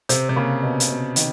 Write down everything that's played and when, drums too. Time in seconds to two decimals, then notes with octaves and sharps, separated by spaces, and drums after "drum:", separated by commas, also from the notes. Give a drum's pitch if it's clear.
0.09 C3 C5, drum: hi-hat
0.29 C3
0.36 C#3 A#3
0.63 B2
0.80 drum: hi-hat
0.89 B2
1.16 D#3, drum: hi-hat